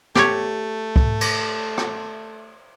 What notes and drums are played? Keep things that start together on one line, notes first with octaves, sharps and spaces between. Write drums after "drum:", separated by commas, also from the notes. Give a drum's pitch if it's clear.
A3 G4 C#5, drum: snare
drum: kick C2
drum: cymbal
drum: rim click